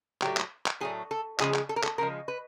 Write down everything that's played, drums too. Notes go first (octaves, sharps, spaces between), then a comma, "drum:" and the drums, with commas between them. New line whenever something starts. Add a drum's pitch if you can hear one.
A2 F#3 A3 G4, drum: clap
drum: clap
drum: clap
A2 F#3 A3 G#4
A4
C#3 F3 G#3 G#4, drum: clap
drum: clap
A4
A#4
A4, drum: clap
C#3 F3 G#3 A#4
B4